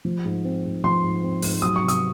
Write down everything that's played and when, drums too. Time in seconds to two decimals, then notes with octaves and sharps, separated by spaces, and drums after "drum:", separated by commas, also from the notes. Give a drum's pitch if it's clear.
0.05 F3
0.24 G#2
0.44 C4
0.64 G#2
0.84 F3 C6
1.03 G#2
1.23 C4
1.42 G#2, drum: open hi-hat
1.62 F#3 D#6
1.76 C#6
1.82 C3
1.88 D#6, drum: hi-hat